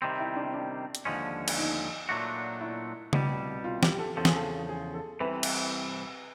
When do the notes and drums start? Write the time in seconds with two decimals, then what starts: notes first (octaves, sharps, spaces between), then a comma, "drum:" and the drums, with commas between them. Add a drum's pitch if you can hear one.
0.02 C3 D#3 G3 C4
0.19 E4
0.36 D4
0.54 D4
0.95 drum: hi-hat
1.05 D#2 D3 F3 G#3 C#4
1.48 drum: cymbal
1.57 D#4
2.09 A#2 F#3 A3 D4 F#4
2.61 E4
3.13 C2 B2 G3, drum: tom C#3
3.64 F4
3.83 G4, drum: snare
3.99 A4
4.16 E2 C#3 F3 A4
4.25 G#4, drum: snare
4.35 A4
4.69 G#4
4.94 A4
5.20 C2 C3 E3 B4
5.43 drum: cymbal